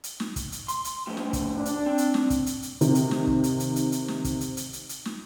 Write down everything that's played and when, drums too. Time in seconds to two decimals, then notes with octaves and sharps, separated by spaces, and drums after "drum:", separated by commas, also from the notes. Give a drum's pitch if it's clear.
0.04 drum: hi-hat
0.20 drum: snare
0.36 drum: kick, hi-hat
0.52 drum: hi-hat
0.68 C6, drum: hi-hat
0.85 drum: hi-hat
1.07 A2 F3
1.17 drum: snare
1.33 drum: kick, hi-hat
1.55 D4
1.65 drum: hi-hat
1.86 C4
1.98 drum: hi-hat
2.14 drum: snare
2.30 drum: kick, hi-hat
2.46 drum: hi-hat
2.63 drum: hi-hat
2.81 C3 D#3, drum: hi-hat
2.95 drum: hi-hat
3.11 drum: snare
3.27 drum: kick
3.44 drum: hi-hat
3.60 drum: hi-hat
3.76 drum: hi-hat
3.92 drum: hi-hat
4.08 drum: snare
4.25 drum: kick, hi-hat
4.41 drum: hi-hat
4.57 drum: hi-hat
4.73 drum: hi-hat
4.89 drum: hi-hat
5.05 drum: snare